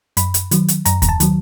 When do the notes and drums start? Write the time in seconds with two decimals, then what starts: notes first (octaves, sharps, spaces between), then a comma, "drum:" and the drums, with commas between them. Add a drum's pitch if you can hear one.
0.17 F#2 B5, drum: hi-hat
0.34 drum: hi-hat
0.51 D#3 F#3, drum: hi-hat
0.68 drum: hi-hat
0.85 F#2 A#5, drum: hi-hat
1.02 A#5, drum: kick D#2, hi-hat
1.09 A5
1.20 D#3 F#3, drum: hi-hat